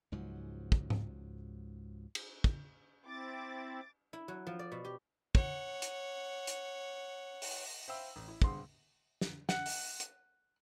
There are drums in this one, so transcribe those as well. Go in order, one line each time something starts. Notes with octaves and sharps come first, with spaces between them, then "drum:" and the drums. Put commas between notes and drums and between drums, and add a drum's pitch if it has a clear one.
C#2 G#2 F3 F#3
drum: kick
drum: tom G#2
drum: cymbal
drum: kick
C4 E4 D6 A6
E4
F#3
F3
D5
B2
G4
C#5 F#5, drum: kick
drum: hi-hat
drum: hi-hat
drum: open hi-hat
C5 E5 F5 G5 B5 E6
A1
E4
E1 G2 C4 G#4 F#5 C6, drum: kick
drum: snare
F#5, drum: snare
drum: open hi-hat
drum: hi-hat